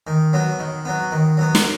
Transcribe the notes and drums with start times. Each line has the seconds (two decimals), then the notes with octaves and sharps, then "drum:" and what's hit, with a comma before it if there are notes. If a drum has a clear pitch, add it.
0.07 D#3
0.33 F#3 B3
0.59 D#3
0.85 F#3 B3
1.11 D#3
1.37 F#3 B3
1.55 drum: snare